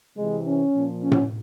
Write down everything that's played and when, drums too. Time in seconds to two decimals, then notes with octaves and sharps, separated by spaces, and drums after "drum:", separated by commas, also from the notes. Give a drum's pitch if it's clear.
0.17 C3 E3 G#3
0.46 C#4
0.74 A#2 F3
1.02 C#4
1.12 drum: tom A2